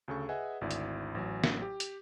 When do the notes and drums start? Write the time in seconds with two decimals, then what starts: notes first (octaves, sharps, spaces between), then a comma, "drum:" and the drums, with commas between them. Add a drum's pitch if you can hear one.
0.08 D2 C#3 A4 C#6
0.29 G#4 B4 D#5 E5 F#5 G#5
0.61 G#1 D2 E4 D5
0.71 drum: hi-hat
1.15 A1 F#3 G#5
1.44 drum: snare
1.62 G4
1.80 drum: hi-hat